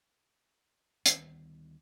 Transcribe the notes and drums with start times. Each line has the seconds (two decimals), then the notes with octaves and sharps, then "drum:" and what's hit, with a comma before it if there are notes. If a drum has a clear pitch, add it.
1.06 D2 D#3 G3 B3, drum: hi-hat